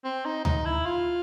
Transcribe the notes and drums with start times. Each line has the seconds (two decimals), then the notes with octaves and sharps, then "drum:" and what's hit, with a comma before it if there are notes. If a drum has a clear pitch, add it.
0.04 C4
0.25 D#4
0.45 D#4, drum: tom D2
0.65 E4
0.86 F4